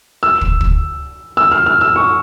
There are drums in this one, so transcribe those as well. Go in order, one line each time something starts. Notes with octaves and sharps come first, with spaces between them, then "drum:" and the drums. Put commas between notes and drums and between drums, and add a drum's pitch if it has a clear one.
E6
drum: kick
drum: kick
E6
F6
F6
E6
C#6